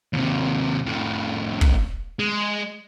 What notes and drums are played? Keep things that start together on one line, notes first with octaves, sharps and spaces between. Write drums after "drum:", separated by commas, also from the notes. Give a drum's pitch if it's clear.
D#2 C3
F2 A2
drum: kick
G#3